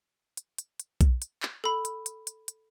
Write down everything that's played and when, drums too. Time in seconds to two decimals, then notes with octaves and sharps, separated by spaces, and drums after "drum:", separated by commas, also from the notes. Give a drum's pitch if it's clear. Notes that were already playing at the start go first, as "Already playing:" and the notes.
0.37 drum: hi-hat
0.58 drum: hi-hat
0.80 drum: hi-hat
1.01 drum: kick B1, hi-hat
1.22 drum: hi-hat
1.43 drum: clap
1.64 A4 B5
1.85 drum: hi-hat
2.06 drum: hi-hat
2.27 drum: hi-hat
2.48 drum: hi-hat